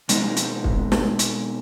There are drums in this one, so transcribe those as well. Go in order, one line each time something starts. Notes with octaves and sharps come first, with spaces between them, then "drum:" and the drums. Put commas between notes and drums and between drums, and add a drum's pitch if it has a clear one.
B2 G#3 C4 D#4, drum: hi-hat
drum: hi-hat
drum: kick
drum: snare
drum: hi-hat